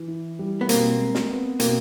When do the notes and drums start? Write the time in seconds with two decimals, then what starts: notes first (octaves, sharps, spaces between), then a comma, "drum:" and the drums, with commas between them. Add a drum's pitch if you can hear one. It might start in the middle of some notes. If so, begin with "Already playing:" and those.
Already playing: E3
0.08 E4
0.39 G3
0.61 B3
0.69 B2 A#3 C4, drum: hi-hat
0.99 G#3
1.15 drum: snare
1.30 B3
1.60 B2 A#3 C4, drum: hi-hat